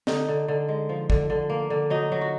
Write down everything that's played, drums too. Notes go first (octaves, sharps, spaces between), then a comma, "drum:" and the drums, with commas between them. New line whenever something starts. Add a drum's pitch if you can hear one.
D3 D#4, drum: snare
D3
D3
G#3
F3
D3, drum: kick
D3
A#3
D3
F#3 D#4
F#3
F#4